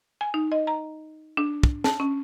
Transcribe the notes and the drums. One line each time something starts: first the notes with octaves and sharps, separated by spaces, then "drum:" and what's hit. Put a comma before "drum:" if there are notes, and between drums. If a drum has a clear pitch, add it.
G#5
D#4
D#5
A#5
D4
drum: kick
A5, drum: snare
C#4